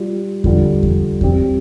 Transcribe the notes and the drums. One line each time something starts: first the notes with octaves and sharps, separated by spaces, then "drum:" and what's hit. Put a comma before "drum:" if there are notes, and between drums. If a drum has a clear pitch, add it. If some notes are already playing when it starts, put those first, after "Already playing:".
Already playing: G3 F4
D3 G3 F4, drum: kick E2
drum: kick E2
G3 C4 G4, drum: kick E2